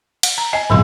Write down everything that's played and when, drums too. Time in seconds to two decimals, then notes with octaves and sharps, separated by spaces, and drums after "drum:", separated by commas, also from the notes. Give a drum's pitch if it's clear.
0.23 F#5, drum: cymbal
0.38 A#5
0.53 D#5 G#5
0.70 G#1 E2 A#2 D3 F#3 C6